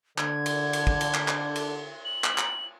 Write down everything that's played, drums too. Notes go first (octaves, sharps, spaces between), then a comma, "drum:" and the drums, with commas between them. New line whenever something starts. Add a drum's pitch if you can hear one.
D3 G#6, drum: clap
drum: cymbal
drum: cymbal
drum: kick
drum: cymbal
drum: clap
drum: clap
drum: cymbal
F#7
drum: clap
drum: clap